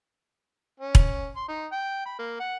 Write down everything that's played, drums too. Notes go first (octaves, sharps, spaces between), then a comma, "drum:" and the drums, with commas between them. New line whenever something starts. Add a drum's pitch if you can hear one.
C#4
drum: kick E1
C6
D#4
G5
B5
A#3
F#5